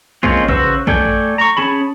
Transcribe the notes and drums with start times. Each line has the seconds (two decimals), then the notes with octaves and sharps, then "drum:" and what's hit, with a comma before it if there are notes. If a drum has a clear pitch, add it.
0.23 G#3 A#3 C4 C#4 F4, drum: kick
0.49 C#3 F#4 B4 C5 E6, drum: kick
0.87 A3 A4 D5 G5 G#5, drum: kick
1.04 drum: tom F2
1.38 A#5 C#6
1.57 C#4 G#4 A5 B5